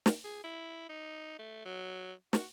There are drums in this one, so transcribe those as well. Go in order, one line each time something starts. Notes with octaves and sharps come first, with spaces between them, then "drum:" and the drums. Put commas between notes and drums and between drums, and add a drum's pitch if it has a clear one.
drum: snare
G#4
E4
D#4
A3
F#3
F#4, drum: snare